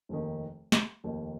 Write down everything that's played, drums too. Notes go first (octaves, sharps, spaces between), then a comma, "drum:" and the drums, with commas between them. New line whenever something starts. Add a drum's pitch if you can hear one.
F1 D#2 D#3
drum: snare
F1 D#2 D#3